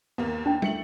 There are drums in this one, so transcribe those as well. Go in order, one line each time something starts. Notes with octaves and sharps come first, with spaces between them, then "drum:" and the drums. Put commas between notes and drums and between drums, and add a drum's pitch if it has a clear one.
D#2 A#3 B3
D4 G5
A3 C#7 F#7, drum: tom